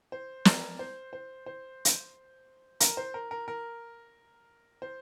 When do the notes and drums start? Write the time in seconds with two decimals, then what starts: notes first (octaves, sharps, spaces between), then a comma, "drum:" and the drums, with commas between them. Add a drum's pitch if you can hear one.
0.12 C5
0.45 A#4 D5, drum: snare
0.79 C5
1.13 C5
1.46 C5
1.85 drum: hi-hat
2.80 A#4, drum: hi-hat
2.97 C5
3.14 A#4
3.31 A#4
3.48 A#4
4.82 C5